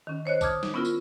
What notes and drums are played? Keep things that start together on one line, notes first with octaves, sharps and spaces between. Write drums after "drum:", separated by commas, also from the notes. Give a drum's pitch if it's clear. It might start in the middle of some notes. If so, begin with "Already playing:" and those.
D#3 C#4
C5 C#5 D#5 F#6
A5 D6 D#6 F6 G#6, drum: kick, tambourine
drum: snare
B3 C#4 E4 F4 A#4
drum: tambourine